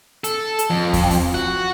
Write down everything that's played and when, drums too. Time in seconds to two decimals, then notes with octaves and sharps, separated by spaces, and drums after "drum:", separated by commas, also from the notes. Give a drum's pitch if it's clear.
0.24 A4, drum: hi-hat
0.59 drum: hi-hat
0.70 F2
0.93 drum: kick E2, open hi-hat
1.11 drum: open hi-hat
1.34 F#4